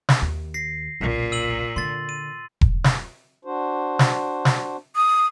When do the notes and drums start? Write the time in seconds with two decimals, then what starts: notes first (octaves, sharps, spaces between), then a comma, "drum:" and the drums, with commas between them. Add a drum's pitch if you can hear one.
0.09 drum: snare
0.22 D#2
0.54 A#6 C7
1.00 F#1 B1 A#2
1.32 E6 D#7 F#7
1.76 D3 C6 A6
2.09 D#7
2.61 drum: kick E1
2.84 drum: snare
3.45 D4 F#4 C5
3.99 drum: snare
4.45 drum: snare
4.96 D#6